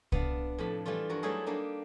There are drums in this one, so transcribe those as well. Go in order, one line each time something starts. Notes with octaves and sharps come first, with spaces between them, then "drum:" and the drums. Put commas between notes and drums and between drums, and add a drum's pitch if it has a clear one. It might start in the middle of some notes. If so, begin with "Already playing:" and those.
B3 D4 F5 A5, drum: kick C2
F2 A2 C3 A5 B5
E3 G3 A3 D4 F4
G2 F3 F#4 A#4
F#3 G3 A3 D#4 E4 G#4
G3 A#3 D4 D#4